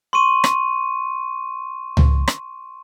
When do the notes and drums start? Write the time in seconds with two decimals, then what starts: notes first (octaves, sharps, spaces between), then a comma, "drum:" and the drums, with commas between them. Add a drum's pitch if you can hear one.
0.13 C6 C#6 D#7
0.44 drum: rim click
1.97 drum: tom C#2
2.28 drum: rim click